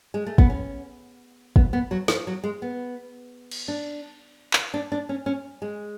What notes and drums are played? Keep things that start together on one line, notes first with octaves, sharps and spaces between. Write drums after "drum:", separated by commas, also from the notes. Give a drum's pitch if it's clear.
G#3
A3
B3, drum: kick
C#4
B3, drum: kick
B3
F#3
F3, drum: snare
F#3
G#3
B3
drum: cymbal
D4
drum: clap
D4
D4
C#4
C#4
G#3